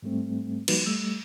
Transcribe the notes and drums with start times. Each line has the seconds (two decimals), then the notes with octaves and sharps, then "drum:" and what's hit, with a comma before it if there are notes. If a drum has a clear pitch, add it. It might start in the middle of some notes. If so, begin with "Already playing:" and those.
0.03 G#2 G3 A3 C4
0.68 F3 G3 A#3 D#4 F#4 B4, drum: cymbal
0.86 G3 A3 E6